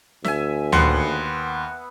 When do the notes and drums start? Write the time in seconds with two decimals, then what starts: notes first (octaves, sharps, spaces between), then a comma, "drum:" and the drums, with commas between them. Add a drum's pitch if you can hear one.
0.24 D2 E5 G#5, drum: snare
0.72 D#2 B3 F#5 C6 C7, drum: tom D2